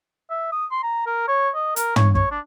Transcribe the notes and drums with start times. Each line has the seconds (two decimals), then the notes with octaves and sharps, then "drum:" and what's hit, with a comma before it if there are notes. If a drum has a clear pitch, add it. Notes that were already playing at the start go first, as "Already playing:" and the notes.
0.30 E5
0.52 D#6
0.71 C6
0.83 A#5
1.07 A#4
1.28 C#5
1.55 D#5
1.76 A#4, drum: hi-hat
1.96 C#5, drum: tom
2.15 C#5, drum: kick
2.31 D4